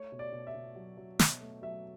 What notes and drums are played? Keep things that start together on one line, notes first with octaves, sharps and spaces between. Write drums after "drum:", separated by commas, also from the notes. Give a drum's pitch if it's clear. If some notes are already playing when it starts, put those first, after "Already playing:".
Already playing: A3 C#5
B2
D5
B2
E5
B2
F#3
F#3
B2, drum: snare
A3
F#3 E5